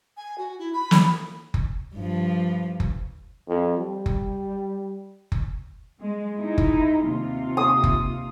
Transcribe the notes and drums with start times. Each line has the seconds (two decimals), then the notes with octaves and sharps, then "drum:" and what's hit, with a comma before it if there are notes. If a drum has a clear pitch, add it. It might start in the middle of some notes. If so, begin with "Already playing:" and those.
0.17 G#5
0.38 F#4
0.59 E4
0.73 B5
0.91 drum: snare
1.54 drum: kick F#1
1.95 G2 F3
2.80 drum: kick F#1
3.48 F2
3.77 G3
4.06 drum: kick F#1
5.32 drum: kick F#1
6.00 G#3
6.37 G#3 D#4 E4
6.58 drum: kick F#1
7.07 D#2 C3 F4
7.57 D#6
7.84 drum: kick F#1